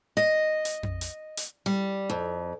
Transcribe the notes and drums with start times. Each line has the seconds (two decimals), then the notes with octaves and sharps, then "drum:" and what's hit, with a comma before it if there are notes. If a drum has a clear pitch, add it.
0.17 D#5
0.65 drum: hi-hat
0.83 drum: tom F2
1.01 drum: hi-hat
1.37 drum: hi-hat
1.66 G3
2.10 F2